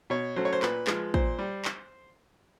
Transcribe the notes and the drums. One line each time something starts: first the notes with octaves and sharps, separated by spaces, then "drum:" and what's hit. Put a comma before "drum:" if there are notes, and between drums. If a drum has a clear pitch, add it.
B2 C#5
F#3 A3 C#4 C5
C#5
C5
A#2 B4, drum: clap
F3 G#3, drum: clap
A#2 C5, drum: kick
G3
drum: clap